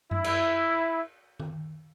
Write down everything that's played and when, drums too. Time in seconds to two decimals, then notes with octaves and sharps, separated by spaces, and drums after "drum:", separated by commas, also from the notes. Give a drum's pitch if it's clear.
0.11 E4, drum: tom G2
0.24 drum: cymbal
1.40 drum: tom D#3